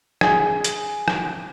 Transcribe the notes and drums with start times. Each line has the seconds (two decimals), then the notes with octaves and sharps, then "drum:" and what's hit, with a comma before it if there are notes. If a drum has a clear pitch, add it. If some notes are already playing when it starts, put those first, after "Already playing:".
0.21 G#4, drum: rim click
0.64 drum: hi-hat
1.08 drum: rim click